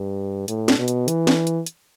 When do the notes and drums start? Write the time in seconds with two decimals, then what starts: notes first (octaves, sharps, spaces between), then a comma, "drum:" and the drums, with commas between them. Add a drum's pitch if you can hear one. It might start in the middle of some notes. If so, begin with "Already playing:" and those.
Already playing: G2
0.48 A2, drum: hi-hat
0.68 drum: snare
0.78 B2
0.88 drum: hi-hat
1.08 E3, drum: hi-hat
1.27 drum: snare
1.47 drum: hi-hat
1.66 drum: hi-hat